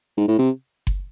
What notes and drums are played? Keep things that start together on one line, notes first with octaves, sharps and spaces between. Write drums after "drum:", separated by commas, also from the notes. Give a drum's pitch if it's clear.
G#2
A2
C3
drum: kick F#1